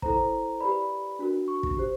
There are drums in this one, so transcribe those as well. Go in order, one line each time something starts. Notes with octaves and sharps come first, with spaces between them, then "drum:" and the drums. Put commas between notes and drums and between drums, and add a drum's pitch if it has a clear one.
E4 A4 C5 A#5, drum: kick
G4 B4 D5 B5
D4 F#4 A#4
C#6
drum: kick
G4 C5